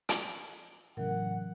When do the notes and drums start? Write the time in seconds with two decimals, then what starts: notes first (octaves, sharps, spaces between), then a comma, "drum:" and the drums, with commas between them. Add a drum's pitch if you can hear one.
0.09 drum: hi-hat
0.97 A2 C#3 E3 F#3 A#4 F#5